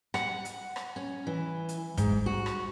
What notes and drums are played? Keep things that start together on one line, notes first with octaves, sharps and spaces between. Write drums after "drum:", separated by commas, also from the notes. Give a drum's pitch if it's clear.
F#5, drum: rim click
drum: hi-hat
drum: rim click
C#4
E3
drum: hi-hat
G#2, drum: kick, hi-hat
F#4
drum: rim click